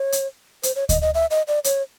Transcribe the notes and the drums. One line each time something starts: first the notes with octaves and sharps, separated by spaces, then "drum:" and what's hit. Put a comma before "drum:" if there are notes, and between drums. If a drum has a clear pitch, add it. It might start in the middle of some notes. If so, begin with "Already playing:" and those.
Already playing: C#5
drum: hi-hat
C5, drum: hi-hat
C#5
D#5, drum: kick D2, hi-hat
D#5
E5
D#5
D5
C#5, drum: hi-hat